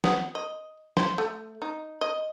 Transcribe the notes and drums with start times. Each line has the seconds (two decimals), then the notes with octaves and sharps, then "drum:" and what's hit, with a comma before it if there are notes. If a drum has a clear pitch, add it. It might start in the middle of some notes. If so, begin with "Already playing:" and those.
0.04 B3, drum: snare
0.35 D#5
0.97 C5, drum: snare
1.18 A3
1.62 D#4
2.01 D#5